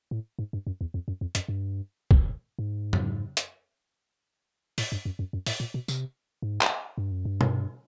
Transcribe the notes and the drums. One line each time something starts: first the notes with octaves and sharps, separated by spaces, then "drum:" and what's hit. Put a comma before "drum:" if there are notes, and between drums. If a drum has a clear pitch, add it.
A2
G#2
G2
F#2
E2
F2
F#2
F2
F#2, drum: hi-hat
G2
drum: kick
G#2
drum: tom
drum: hi-hat
A2, drum: open hi-hat
G2
F#2
F#2
F#2
A2, drum: open hi-hat
A#2
B2
C3, drum: tambourine
G#2
drum: clap
G2
F#2
G2
drum: tom B2